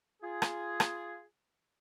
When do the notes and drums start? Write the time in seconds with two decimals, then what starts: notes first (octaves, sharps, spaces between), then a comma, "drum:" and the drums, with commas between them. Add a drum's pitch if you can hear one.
0.23 F4 G#4
0.42 drum: rim click
0.80 drum: rim click